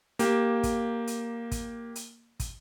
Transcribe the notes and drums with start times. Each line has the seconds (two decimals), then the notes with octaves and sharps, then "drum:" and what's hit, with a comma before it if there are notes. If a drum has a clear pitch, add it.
0.19 A#3 G4, drum: hi-hat
0.63 drum: kick, hi-hat
1.07 drum: hi-hat
1.51 drum: kick, hi-hat
1.96 drum: hi-hat
2.40 drum: kick, hi-hat